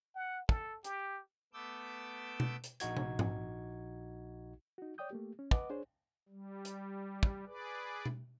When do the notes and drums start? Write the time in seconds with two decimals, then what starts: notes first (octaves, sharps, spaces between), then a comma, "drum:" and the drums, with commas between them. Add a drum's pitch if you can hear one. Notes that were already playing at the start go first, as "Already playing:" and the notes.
0.15 F#5
0.49 A4, drum: kick
0.84 G4, drum: hi-hat
1.53 A3 B3 D6 E6 G6
2.40 drum: tom B2
2.64 drum: hi-hat
2.80 A#1 D#4 F#4 G#6, drum: hi-hat
2.97 drum: tom
3.19 drum: tom G#2
4.78 D#4 F#4
4.98 C#5 D5 G5 D#6 G6
5.11 A3 A#3 G4
5.39 C#4
5.51 B4 D#5 F#5 D6, drum: kick
5.70 D4 G#4 C5 C#5
6.29 G3
6.65 drum: hi-hat
7.23 drum: kick
7.46 G#4 B4 D5
8.06 drum: tom B2